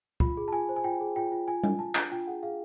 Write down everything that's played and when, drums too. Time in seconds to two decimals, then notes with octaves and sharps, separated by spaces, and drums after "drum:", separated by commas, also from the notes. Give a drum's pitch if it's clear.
0.20 F4 B5, drum: kick
0.37 G#4
0.48 A5
0.52 F4 G#5
0.69 C5
0.76 G#5
0.84 F4 G5
1.00 G#4
1.16 F4 G5
1.32 F4
1.48 F4 G#5
1.64 F4 G#5, drum: tom G3
1.79 F4 A5
1.95 D4 G#5, drum: clap
2.12 F4 G5
2.27 G#4 F#5
2.43 G#4 F5